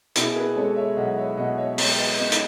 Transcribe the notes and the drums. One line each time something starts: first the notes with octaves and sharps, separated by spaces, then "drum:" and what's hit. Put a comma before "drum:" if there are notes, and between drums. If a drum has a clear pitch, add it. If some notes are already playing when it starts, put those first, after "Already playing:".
B2 E4 G#4, drum: hi-hat
G#4 B4
G#3 A4 C#5
C#5 E5
B1 D#5 F#5
C#5 E5
B2 D#5 F#5
C#5 E5
G#3 C#5 E5, drum: open hi-hat
B4 D#5
B3 B4 D#5
drum: hi-hat